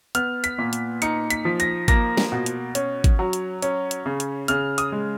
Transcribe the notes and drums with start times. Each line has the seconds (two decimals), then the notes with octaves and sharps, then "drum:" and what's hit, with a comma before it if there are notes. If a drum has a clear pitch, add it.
0.15 B3 F6, drum: hi-hat
0.44 B6, drum: hi-hat
0.59 A#2
0.73 drum: hi-hat
1.02 D#4 C#7, drum: hi-hat
1.30 B6, drum: hi-hat
1.45 F3
1.60 A#6, drum: hi-hat
1.88 A#3 A#6, drum: kick G#1, hi-hat
2.17 drum: snare
2.32 B2
2.46 drum: hi-hat
2.75 C#4, drum: hi-hat
3.04 drum: kick G#1, hi-hat
3.19 F#3
3.33 drum: hi-hat
3.62 C#4, drum: hi-hat
3.91 drum: hi-hat
4.06 C#3
4.20 drum: hi-hat
4.48 C#3 F6, drum: hi-hat
4.78 D#6, drum: hi-hat
4.92 G#3